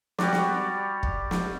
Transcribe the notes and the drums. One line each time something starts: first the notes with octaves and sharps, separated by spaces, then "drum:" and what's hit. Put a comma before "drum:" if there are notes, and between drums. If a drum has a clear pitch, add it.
G3 F#4 D5, drum: snare
drum: snare
drum: kick
drum: snare